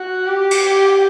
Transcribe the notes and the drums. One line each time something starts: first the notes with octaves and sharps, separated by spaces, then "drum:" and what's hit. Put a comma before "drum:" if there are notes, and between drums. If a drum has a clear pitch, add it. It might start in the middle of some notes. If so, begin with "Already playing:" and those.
Already playing: F#4
G4
drum: cymbal
G4